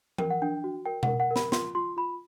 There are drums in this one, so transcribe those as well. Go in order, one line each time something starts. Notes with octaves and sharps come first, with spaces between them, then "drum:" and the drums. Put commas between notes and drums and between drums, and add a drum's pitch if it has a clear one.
A#4 G5, drum: tom E3
F#5
D4 G5
F#4
A#4 G5
A#4 F#5, drum: tom B2
F#5
A#4
B5, drum: snare
F4 C6, drum: snare
F4 C6
F4 B5